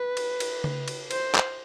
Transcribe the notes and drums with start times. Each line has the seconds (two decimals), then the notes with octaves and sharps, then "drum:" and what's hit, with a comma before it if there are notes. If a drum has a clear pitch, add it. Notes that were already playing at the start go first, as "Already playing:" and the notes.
Already playing: B4
0.17 drum: cymbal
0.40 drum: cymbal
0.64 drum: tom C#3
0.88 drum: cymbal
1.11 C5, drum: cymbal
1.35 drum: clap